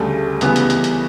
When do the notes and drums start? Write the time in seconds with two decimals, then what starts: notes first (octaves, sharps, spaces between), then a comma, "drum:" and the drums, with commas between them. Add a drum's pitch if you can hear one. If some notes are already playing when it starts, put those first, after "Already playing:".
Already playing: D2 C#3 G3 A3
0.41 C#2 C#3 E3 G3 B3, drum: hi-hat
0.56 drum: hi-hat
0.70 drum: hi-hat
0.84 drum: hi-hat